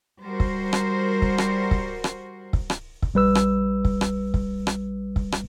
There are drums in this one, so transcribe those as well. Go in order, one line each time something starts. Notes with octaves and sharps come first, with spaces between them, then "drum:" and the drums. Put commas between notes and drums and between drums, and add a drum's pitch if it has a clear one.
G3 F#4 A#4 C5
drum: kick
drum: rim click
drum: kick
drum: rim click
drum: kick
drum: rim click
drum: kick
drum: rim click
drum: kick
A#1 G3 B4 E6
drum: rim click
drum: kick
drum: rim click
drum: kick
drum: rim click
drum: kick
drum: rim click